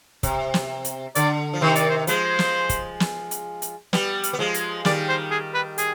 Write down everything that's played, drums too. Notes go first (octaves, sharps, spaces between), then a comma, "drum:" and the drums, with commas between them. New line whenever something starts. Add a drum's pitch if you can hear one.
C3, drum: kick, hi-hat
drum: snare
drum: hi-hat
D3 D5, drum: hi-hat
F3
C3 D#3 C5
D5, drum: hi-hat
C5
F3 G#3 C5, drum: hi-hat
drum: snare
drum: kick, hi-hat
drum: snare
drum: hi-hat
drum: hi-hat
G3 B3, drum: snare
drum: hi-hat
B3
F3 G#3
drum: hi-hat
D#3 G3 D5, drum: snare
C5
G#4
B4
G#4, drum: hi-hat